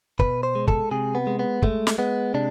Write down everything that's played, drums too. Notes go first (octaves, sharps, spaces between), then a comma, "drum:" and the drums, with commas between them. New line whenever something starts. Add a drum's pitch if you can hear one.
B2 B4, drum: kick
C5
G#3
A4, drum: kick
C3 G#4
B3
G#3
B3
G#3 A3, drum: kick
drum: snare
G#3 B3
C3 D4